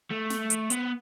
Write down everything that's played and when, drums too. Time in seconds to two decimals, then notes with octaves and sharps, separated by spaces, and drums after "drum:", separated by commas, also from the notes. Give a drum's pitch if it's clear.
0.11 A3
0.30 drum: snare
0.50 drum: hi-hat
0.70 B3, drum: hi-hat